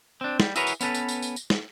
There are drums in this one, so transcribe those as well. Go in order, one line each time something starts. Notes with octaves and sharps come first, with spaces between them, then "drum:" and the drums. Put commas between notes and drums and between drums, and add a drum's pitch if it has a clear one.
C4 D4
G3, drum: snare
E4 F#4 G#4 A#4 B4 C#5, drum: tambourine
drum: tambourine
B3 C#4 A4 B4, drum: tambourine
drum: tambourine
drum: tambourine
drum: tambourine
drum: tambourine
drum: snare